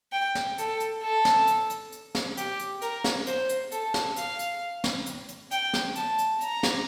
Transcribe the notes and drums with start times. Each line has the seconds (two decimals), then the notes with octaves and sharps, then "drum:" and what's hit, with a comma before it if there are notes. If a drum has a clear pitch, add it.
0.12 G5
0.35 drum: snare
0.58 A4, drum: hi-hat
0.80 drum: hi-hat
1.03 A4
1.25 drum: snare
1.47 drum: hi-hat
1.70 drum: hi-hat
1.92 drum: hi-hat
2.15 drum: snare
2.37 G4, drum: hi-hat
2.60 drum: hi-hat
2.82 A#4, drum: hi-hat
3.04 drum: snare
3.27 C5, drum: hi-hat
3.49 drum: hi-hat
3.72 A4, drum: hi-hat
3.94 drum: snare
4.16 F5, drum: hi-hat
4.39 drum: hi-hat
4.84 drum: snare
5.06 drum: hi-hat
5.29 drum: hi-hat
5.51 G5, drum: hi-hat
5.73 drum: snare
5.95 A5, drum: hi-hat
6.18 drum: hi-hat
6.41 A#5, drum: hi-hat
6.63 drum: snare